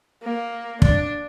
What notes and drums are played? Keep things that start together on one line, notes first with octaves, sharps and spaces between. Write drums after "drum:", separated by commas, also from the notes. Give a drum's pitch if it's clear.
A#3
D4, drum: kick